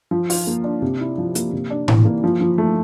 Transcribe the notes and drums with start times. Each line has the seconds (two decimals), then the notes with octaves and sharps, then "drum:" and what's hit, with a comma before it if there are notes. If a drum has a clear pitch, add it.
0.11 F3
0.30 F4, drum: open hi-hat
0.47 A#3
0.64 D4
0.82 C3
1.00 E4
1.18 F3
1.35 A#3, drum: hi-hat
1.53 C3
1.70 D4
1.88 E3, drum: tom A2
2.05 A#3
2.24 F3
2.41 F3
2.58 A3